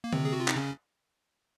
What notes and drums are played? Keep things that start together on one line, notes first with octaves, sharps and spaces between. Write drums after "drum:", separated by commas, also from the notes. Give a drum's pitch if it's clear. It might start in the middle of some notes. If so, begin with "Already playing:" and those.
A#3
C3 C4, drum: tom D3
G#4
F#4
F4
D#4, drum: clap
C#3 C#4